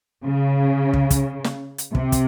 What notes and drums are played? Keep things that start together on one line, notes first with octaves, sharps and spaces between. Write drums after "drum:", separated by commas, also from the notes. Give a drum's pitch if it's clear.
C#3
drum: kick
drum: kick, hi-hat
drum: snare
drum: hi-hat
C3, drum: kick
drum: kick, hi-hat